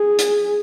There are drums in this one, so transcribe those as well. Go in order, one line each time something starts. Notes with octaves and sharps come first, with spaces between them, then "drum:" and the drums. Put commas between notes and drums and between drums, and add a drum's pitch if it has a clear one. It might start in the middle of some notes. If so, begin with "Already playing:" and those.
Already playing: G#4
drum: hi-hat